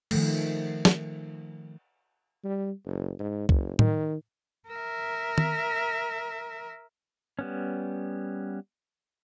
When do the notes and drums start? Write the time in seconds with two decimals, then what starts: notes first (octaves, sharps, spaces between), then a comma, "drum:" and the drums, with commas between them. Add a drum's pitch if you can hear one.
0.11 D#3 F3 A3, drum: cymbal
0.85 drum: snare
2.44 G3
2.86 F#1
3.20 G#2
3.49 F#1, drum: kick C2
3.79 D#3, drum: tom A2
4.69 A#4 E5
5.38 drum: tom D#3
7.39 G3 B3 C#4